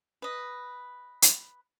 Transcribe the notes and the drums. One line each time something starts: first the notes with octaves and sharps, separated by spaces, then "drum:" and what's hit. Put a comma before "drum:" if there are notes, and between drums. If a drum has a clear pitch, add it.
B4 D#5
drum: hi-hat